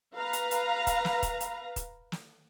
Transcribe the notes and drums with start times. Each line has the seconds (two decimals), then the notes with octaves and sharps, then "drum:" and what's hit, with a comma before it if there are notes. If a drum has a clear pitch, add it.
0.15 B4 F5 A#5
0.33 drum: hi-hat
0.51 drum: hi-hat
0.87 drum: kick, hi-hat
1.05 drum: snare
1.23 drum: kick, hi-hat
1.40 drum: hi-hat
1.76 drum: kick, hi-hat
2.12 drum: snare